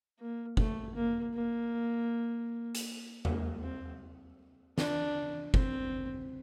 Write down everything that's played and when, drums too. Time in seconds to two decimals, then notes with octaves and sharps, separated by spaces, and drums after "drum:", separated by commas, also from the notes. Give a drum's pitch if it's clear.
0.19 A#3
0.57 A3, drum: kick
0.95 A#3
1.34 A#3
2.75 drum: hi-hat
3.25 A#3, drum: tom E2
3.63 C4
4.78 D4, drum: snare
5.54 C4, drum: kick